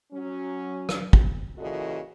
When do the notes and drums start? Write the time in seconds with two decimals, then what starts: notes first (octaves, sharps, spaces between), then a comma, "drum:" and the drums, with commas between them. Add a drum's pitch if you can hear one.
0.13 F#3 C#4
0.89 drum: rim click
1.13 drum: kick
1.58 A#2 C#3 E3 F#4 A4 D#5